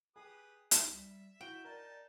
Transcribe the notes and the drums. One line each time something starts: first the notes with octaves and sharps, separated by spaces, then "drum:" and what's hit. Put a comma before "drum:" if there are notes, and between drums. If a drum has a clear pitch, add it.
G4 G#4 B4 D#6
D#4 E5, drum: hi-hat
G3
E4 F#4 G5
D#4 A#4 D5 A5